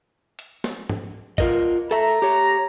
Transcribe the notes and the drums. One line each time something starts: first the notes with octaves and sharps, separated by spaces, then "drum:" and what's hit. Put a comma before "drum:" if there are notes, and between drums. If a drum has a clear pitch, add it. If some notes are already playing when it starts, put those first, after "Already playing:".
drum: hi-hat
drum: snare
drum: tom
F4 A#4 D#5, drum: kick, hi-hat
A4 E5 A#5, drum: hi-hat
G4 C#5